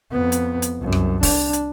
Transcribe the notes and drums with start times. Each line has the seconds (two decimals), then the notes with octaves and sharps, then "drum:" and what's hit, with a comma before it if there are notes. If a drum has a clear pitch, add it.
0.12 F2 B3
0.32 drum: hi-hat
0.62 drum: hi-hat
0.79 C2 F#2
0.92 drum: rim click
1.23 D4, drum: kick, open hi-hat
1.53 drum: hi-hat